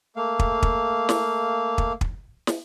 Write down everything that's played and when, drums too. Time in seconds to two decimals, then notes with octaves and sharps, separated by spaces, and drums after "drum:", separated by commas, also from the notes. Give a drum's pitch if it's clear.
0.16 A3 A#3 F5
0.39 drum: kick
0.63 drum: kick
1.09 drum: snare
1.78 drum: kick
2.01 drum: kick
2.47 drum: snare